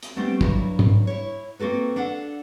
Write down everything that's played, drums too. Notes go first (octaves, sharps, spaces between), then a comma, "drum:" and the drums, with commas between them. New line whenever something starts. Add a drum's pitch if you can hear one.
drum: hi-hat
G3 A3 B3 C4 D4
G2 F#3 E4, drum: kick
drum: tom
E4 C#5
A#3 C4 F#4 A4 B4
D4 A4 F5 F#5